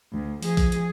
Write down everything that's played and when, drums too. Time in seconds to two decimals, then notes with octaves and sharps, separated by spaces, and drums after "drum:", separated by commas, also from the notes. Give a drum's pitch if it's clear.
0.12 D2
0.43 F3 G#4, drum: open hi-hat
0.57 drum: kick A#1, open hi-hat
0.72 drum: hi-hat